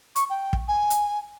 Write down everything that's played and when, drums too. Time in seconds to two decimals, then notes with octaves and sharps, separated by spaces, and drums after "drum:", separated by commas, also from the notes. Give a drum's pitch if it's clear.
0.16 C#6, drum: hi-hat
0.30 G5
0.53 drum: kick
0.68 G#5
0.90 drum: hi-hat